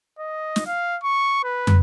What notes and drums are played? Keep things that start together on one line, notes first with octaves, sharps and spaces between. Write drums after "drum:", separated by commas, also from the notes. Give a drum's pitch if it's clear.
D#5
drum: snare
F5
C#6
B4
drum: tom